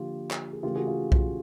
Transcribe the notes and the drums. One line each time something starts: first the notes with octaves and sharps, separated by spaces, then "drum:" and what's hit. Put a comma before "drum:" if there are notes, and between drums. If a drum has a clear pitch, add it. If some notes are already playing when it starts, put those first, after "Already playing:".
Already playing: D3 F3 A#3 F4 G4
drum: clap
G#4
C#3 E3 A3 F4 G4
F#4 G#4
F4 G4
F4 G4, drum: kick B1